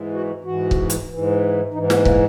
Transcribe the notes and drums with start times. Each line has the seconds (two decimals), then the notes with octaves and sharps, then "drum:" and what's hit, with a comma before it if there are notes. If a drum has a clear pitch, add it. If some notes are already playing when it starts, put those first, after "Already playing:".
Already playing: G#2 E3
0.13 F#4
0.44 G#2 E3 F#4
0.71 drum: kick C#1
0.90 drum: hi-hat
1.09 G#2 E3
1.74 G#2 E3 D#4
1.90 B3, drum: snare
2.05 A#3, drum: kick C#1